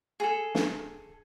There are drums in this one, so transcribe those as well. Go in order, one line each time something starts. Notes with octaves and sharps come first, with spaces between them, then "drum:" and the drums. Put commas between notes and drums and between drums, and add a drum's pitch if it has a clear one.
G#4 A4
drum: snare